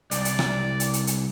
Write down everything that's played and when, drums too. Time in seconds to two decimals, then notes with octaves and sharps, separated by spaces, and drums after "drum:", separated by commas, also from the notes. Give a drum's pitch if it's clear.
0.11 C2 D5, drum: hi-hat
0.25 drum: hi-hat
0.39 drum: rim click
0.80 drum: hi-hat
0.93 drum: hi-hat
1.07 drum: hi-hat